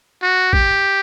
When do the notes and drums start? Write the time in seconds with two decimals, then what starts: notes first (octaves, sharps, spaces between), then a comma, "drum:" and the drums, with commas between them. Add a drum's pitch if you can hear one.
0.23 F#4
0.53 G4, drum: kick A#1